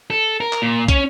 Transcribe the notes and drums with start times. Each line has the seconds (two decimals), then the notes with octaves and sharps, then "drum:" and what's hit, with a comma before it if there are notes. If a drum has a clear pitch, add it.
0.10 A4
0.40 A#4
0.53 drum: clap
0.62 A#2
0.88 C#4, drum: kick, hi-hat